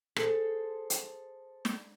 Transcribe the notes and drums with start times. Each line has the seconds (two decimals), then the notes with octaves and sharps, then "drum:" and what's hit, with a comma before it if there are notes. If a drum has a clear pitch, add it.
0.16 G#4 A4 C5, drum: rim click
0.90 drum: hi-hat
1.65 drum: snare